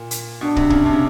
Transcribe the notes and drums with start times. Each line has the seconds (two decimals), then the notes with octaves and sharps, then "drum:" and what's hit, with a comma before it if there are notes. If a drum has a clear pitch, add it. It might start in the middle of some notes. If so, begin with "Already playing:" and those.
Already playing: A#2
0.11 drum: hi-hat
0.41 B2 D4
0.56 C3, drum: kick
0.70 C#3, drum: kick
0.85 C3
0.93 C#3